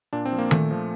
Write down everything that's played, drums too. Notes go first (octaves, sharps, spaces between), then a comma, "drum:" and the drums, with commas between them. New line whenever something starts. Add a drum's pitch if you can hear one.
A#2 D4
C4
F3
A#3
A#2 A3, drum: tom D#3
F3